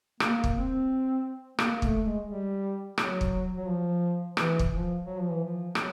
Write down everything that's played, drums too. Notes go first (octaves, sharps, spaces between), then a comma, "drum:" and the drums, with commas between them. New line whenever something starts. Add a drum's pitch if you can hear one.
A#3, drum: rim click
drum: kick
C4
A#3, drum: rim click
A3, drum: kick
G#3
G3
F#3, drum: rim click
drum: kick
F#3
F3
E3, drum: rim click
drum: kick
F3
F#3
F3
E3
F3
F#3, drum: rim click